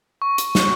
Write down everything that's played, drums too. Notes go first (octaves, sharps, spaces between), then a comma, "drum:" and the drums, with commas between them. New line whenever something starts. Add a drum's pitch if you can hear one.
C#6
drum: hi-hat
drum: snare